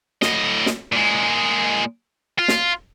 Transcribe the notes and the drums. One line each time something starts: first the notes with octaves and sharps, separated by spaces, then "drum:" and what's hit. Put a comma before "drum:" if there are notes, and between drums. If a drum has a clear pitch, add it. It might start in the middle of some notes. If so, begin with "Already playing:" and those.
A2 D#5, drum: snare
drum: snare
A#2 G#3
F4
drum: snare